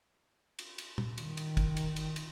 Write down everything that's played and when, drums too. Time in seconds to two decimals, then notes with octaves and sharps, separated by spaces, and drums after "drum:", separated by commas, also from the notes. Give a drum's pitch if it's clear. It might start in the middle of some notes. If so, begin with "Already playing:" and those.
0.59 drum: cymbal
0.78 drum: cymbal
0.98 drum: tom
1.18 D#3, drum: cymbal
1.37 drum: cymbal
1.57 drum: kick, cymbal
1.77 drum: cymbal
1.96 drum: cymbal
2.16 drum: cymbal